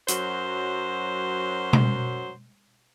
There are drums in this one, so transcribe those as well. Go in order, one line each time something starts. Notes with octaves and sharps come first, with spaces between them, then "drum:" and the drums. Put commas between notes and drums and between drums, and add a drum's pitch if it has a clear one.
F#2 F#3 C5, drum: hi-hat
drum: tom B2